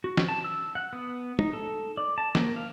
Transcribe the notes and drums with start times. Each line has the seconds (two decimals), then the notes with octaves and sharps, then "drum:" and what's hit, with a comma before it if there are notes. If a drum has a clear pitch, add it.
0.04 F#4
0.17 drum: snare
0.28 A5
0.44 E6
0.75 F#5
0.93 B3
1.39 D#4, drum: tom
1.53 A4
1.97 D5
2.18 A5
2.35 A#3, drum: snare
2.56 F5